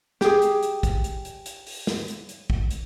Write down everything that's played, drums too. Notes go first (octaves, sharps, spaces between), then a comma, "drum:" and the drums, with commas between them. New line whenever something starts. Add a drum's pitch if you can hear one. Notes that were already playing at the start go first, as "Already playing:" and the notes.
G4 G#4, drum: snare
drum: hi-hat
drum: hi-hat
drum: kick, hi-hat
drum: hi-hat
drum: hi-hat
drum: hi-hat
drum: open hi-hat
drum: snare
drum: hi-hat
drum: hi-hat
drum: kick
drum: hi-hat